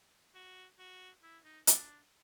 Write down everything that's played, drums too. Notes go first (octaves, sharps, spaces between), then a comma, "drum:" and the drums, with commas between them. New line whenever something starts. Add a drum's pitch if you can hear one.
F#4
F#4
E4
D#4
D4, drum: hi-hat